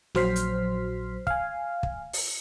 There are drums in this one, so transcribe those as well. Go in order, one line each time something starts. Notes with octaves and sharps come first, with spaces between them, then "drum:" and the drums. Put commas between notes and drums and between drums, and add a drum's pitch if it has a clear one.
A#1 F#3 C5 F6 B6 C7, drum: snare
drum: hi-hat
F5 G#5, drum: kick
drum: kick
drum: open hi-hat